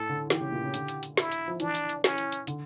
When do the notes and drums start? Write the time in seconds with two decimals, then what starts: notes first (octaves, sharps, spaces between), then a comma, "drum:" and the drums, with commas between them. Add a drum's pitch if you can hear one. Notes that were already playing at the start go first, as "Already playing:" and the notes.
Already playing: A2 A4
0.09 D3
0.30 E3 G4, drum: snare
0.41 C#3
0.52 A#2
0.64 C#3
0.74 D3, drum: hi-hat
0.88 drum: hi-hat
1.03 drum: hi-hat
1.17 E4, drum: snare
1.32 drum: hi-hat
1.48 F3
1.60 E3 D4, drum: hi-hat
1.75 drum: hi-hat
1.89 drum: hi-hat
2.04 C#4, drum: snare
2.18 drum: hi-hat
2.32 drum: hi-hat
2.47 D3, drum: hi-hat